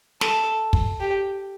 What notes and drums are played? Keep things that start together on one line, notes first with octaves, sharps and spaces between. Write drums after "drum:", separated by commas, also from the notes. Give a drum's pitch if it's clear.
A4, drum: snare
drum: kick
G4